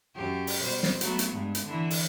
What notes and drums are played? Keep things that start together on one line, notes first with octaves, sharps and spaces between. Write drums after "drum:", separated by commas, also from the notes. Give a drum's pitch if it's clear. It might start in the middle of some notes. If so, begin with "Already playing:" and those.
F#2 G4
drum: open hi-hat
B2 G3 C5
drum: snare
F#3 A3 B3, drum: hi-hat
drum: hi-hat
G2 G#3
drum: hi-hat
D3 E3 E4
drum: open hi-hat